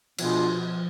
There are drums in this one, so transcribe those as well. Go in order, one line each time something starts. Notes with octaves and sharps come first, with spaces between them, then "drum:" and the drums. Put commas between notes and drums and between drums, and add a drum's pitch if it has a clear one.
B2 F3 B3 D4 F4 G#4, drum: cymbal